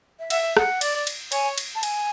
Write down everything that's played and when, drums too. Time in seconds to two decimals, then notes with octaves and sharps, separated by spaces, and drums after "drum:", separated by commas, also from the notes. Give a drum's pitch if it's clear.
0.19 E5
0.30 E5 F#5, drum: cymbal
0.57 F#5, drum: rim click
0.81 D5, drum: cymbal
1.07 drum: cymbal
1.32 C#5 G#5, drum: cymbal
1.58 drum: cymbal
1.75 A5
1.83 G#5, drum: cymbal